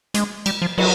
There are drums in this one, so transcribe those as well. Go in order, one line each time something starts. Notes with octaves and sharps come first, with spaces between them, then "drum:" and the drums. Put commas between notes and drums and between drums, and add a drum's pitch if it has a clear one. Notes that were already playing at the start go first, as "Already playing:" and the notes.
G#3, drum: hi-hat
G3, drum: cymbal
F3
F#3, drum: cymbal